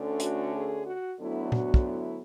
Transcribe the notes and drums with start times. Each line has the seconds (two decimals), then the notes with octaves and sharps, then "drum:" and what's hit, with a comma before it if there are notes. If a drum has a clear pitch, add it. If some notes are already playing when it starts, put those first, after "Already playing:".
Already playing: D2 D3 A3 C#4
0.20 F#4, drum: hi-hat
0.53 G#4
0.85 F#4
1.19 D2 D3 F#3 B3 E4
1.52 F#4, drum: tom A#2
1.74 drum: kick
1.86 E4